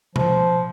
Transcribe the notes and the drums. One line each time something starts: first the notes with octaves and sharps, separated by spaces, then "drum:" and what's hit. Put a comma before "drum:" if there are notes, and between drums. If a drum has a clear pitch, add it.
F3, drum: tom B2